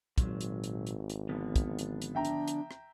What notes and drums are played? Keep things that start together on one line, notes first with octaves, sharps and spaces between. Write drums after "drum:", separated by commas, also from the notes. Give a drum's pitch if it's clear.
G#1 A#2 F#3, drum: kick, hi-hat
drum: hi-hat
drum: hi-hat
drum: hi-hat
drum: hi-hat
D3 F3 B3
drum: kick, hi-hat
drum: hi-hat
drum: hi-hat
D4 E5 G5 A#5
drum: hi-hat
drum: hi-hat
drum: rim click